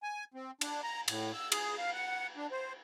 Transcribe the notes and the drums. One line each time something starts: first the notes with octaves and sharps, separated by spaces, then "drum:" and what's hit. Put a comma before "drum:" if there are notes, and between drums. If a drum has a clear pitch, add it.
G#5
C4
D4, drum: cymbal
A#5
A2, drum: cymbal
E6
G#4, drum: cymbal
F5
F#5
D4
C5